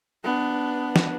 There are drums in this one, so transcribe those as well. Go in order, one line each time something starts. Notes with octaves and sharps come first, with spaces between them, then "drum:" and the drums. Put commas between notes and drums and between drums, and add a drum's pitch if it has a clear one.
B3 D4
drum: snare